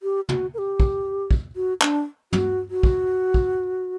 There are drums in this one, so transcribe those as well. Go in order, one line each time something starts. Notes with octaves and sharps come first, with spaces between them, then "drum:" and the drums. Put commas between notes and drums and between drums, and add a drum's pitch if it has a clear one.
G4
F#4, drum: tom
A#4
G4
drum: kick
drum: kick
F#4
D4, drum: clap
F#4, drum: tom
F#4
drum: kick
drum: kick